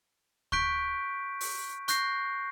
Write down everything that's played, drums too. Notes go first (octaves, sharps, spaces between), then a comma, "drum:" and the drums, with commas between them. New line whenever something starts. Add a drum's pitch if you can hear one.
C#6 F#6 G6 B6 D7, drum: kick D2
drum: open hi-hat
C#6 F#6 G6 A#6 C7, drum: hi-hat